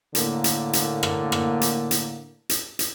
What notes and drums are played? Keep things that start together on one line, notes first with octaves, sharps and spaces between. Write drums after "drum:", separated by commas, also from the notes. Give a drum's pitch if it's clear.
A2 D3 A#3, drum: hi-hat
drum: hi-hat
drum: hi-hat
drum: rim click
drum: rim click
drum: hi-hat
drum: hi-hat
drum: hi-hat
drum: hi-hat